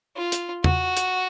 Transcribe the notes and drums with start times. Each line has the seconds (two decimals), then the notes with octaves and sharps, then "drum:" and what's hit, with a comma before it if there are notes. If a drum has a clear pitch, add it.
0.16 F4
0.32 drum: hi-hat
0.64 F#4, drum: tom E2
0.97 drum: hi-hat